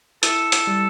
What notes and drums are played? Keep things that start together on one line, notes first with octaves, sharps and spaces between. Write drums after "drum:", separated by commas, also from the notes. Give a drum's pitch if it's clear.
E4 A4, drum: hi-hat
drum: hi-hat
G3